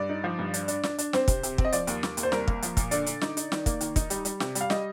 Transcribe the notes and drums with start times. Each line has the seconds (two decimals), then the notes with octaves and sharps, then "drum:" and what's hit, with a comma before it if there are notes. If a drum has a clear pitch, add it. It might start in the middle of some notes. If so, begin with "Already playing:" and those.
Already playing: G2 D5
0.09 D#4
0.24 F3
0.39 G2
0.54 D4, drum: hi-hat
0.68 D4, drum: hi-hat
0.83 D4, drum: snare
0.98 D4, drum: hi-hat
1.13 C4 C5, drum: snare
1.28 C3, drum: kick, hi-hat
1.43 C3, drum: hi-hat
1.58 C4, drum: kick
1.65 D#5
1.72 F3 D5, drum: hi-hat
1.87 D#2, drum: hi-hat
2.03 D#2, drum: snare
2.17 D#2, drum: hi-hat
2.23 C5
2.32 C2 A#4, drum: snare
2.48 A#3, drum: kick
2.62 F3, drum: hi-hat
2.77 A#2, drum: kick, hi-hat
2.91 D3 D5, drum: hi-hat
3.06 D3, drum: hi-hat
3.21 D#4, drum: snare
3.37 D#4, drum: hi-hat
3.52 D#3, drum: snare
3.66 A#3, drum: kick, hi-hat
3.81 D#3, drum: hi-hat
3.96 D#4, drum: kick, hi-hat
4.10 G3, drum: hi-hat
4.25 G3, drum: hi-hat
4.40 C3, drum: snare
4.55 G3, drum: hi-hat
4.61 F5
4.70 G3 D#5, drum: snare